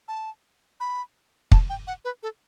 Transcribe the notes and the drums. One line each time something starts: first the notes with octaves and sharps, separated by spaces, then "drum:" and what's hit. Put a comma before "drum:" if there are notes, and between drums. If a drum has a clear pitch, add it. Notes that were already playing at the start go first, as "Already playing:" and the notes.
A5
B5
A5, drum: kick
G5
F#5
B4
A4